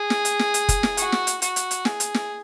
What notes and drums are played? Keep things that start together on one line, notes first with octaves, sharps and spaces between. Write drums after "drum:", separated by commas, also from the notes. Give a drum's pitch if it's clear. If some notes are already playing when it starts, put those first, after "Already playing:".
Already playing: G#4
drum: snare
drum: hi-hat
drum: snare
drum: hi-hat
drum: kick F#1, hi-hat
drum: snare
F#4, drum: hi-hat
drum: snare
drum: hi-hat
F#4, drum: hi-hat
drum: hi-hat
drum: hi-hat
G#4, drum: snare
drum: hi-hat
drum: snare